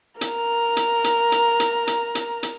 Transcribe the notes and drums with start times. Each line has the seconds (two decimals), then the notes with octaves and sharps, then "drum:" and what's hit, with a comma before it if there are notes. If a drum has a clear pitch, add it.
0.21 A#4 A#5, drum: hi-hat
0.76 drum: hi-hat
1.04 drum: hi-hat
1.32 drum: hi-hat
1.60 drum: hi-hat
1.87 drum: hi-hat
2.15 drum: hi-hat
2.43 drum: hi-hat